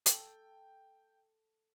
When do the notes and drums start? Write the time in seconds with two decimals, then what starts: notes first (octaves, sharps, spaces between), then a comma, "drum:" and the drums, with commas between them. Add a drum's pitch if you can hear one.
0.06 A4 G5, drum: hi-hat